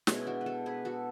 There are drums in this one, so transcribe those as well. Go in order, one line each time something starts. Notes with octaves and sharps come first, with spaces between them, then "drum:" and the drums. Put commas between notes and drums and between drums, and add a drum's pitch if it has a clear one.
B2 G#3 B3 C#4 E4, drum: snare
D4 F#4
B4
F#4 A4
G#4 B4
F#4 A4